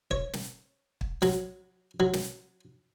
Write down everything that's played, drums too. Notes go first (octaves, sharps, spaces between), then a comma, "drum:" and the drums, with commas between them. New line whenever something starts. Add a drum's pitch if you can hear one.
C#5, drum: kick
drum: snare
drum: kick
F#3, drum: snare
F#3
drum: snare